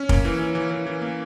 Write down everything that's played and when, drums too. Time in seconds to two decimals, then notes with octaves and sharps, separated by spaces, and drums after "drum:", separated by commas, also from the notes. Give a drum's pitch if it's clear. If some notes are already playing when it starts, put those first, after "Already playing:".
Already playing: C#4
0.09 A#3, drum: kick
0.25 E3
0.39 E3
0.55 E3
0.71 E3
0.87 E3
1.02 A#3